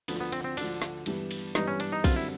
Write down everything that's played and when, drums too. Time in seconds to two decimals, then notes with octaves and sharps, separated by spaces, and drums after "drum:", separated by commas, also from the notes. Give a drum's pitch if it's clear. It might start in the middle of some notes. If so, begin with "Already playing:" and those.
0.08 D2 D3 F3 B3, drum: cymbal
0.20 B3
0.32 C4, drum: cymbal
0.44 C4
0.57 D2 D3 F3 D4, drum: cymbal
0.82 drum: snare
1.06 G2 E3 G3 B3, drum: cymbal
1.31 drum: cymbal
1.55 G2 E3 G3 B3 D#4, drum: snare
1.67 C#4
1.80 D4, drum: cymbal
1.92 D#4
2.04 F#2 D3 G3 C4 F4, drum: kick B1, cymbal
2.16 E4